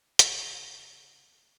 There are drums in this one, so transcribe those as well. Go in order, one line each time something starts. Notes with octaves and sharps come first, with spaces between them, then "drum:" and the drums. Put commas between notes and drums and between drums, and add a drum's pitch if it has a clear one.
C#3, drum: hi-hat